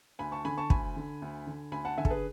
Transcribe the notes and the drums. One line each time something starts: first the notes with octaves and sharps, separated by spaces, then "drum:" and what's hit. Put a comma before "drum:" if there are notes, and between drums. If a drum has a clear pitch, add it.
D2 G#5 B5
A5 C#6
D3 G#5 B5
A5 C#6
D2 G#5 B5, drum: kick
D3
D2
D3
D2 G#5 B5
F#5 A5
D3 E5 G#5
A4, drum: kick
G#4 B4